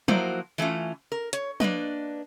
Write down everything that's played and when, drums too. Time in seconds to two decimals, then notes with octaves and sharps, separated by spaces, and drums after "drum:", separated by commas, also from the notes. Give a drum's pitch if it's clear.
0.08 F3 F#3 A#3 E4 F#4 C5, drum: tom
0.58 E3 A3 C#4 F4
1.12 A#4
1.33 C#5, drum: hi-hat
1.60 A#3 D4 B4 D#5, drum: tom